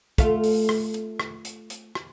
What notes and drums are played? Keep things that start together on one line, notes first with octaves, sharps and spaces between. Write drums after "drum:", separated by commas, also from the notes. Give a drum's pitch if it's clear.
A3 F4, drum: kick, hi-hat
drum: open hi-hat
drum: rim click
drum: hi-hat
drum: rim click
drum: hi-hat
drum: hi-hat
drum: rim click